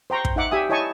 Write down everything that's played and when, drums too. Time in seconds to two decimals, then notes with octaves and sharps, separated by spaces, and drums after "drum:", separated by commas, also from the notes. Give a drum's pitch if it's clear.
0.10 C5 G5 A#5 C6 C#6
0.25 drum: kick
0.36 D#4 E5 F#5 D6
0.51 G4 E5 G#5 D#6
0.69 E4 C#5 D#5 G#5 A5 C#6